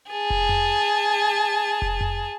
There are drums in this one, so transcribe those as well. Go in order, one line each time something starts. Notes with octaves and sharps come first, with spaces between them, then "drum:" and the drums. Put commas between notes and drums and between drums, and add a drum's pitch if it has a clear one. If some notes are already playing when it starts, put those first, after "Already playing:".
G#4 A5
drum: kick F1
drum: tom F2
drum: kick F1
drum: tom F2